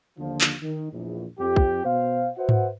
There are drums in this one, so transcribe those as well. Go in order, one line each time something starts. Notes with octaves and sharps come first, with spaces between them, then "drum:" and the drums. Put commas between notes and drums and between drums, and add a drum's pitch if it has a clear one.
D#2 D3 F3
drum: clap
D#3
A#1 E2
F2 G4
drum: kick
B2 C5 F5
F#4 B4 C5 E5 F#5
drum: tom G#2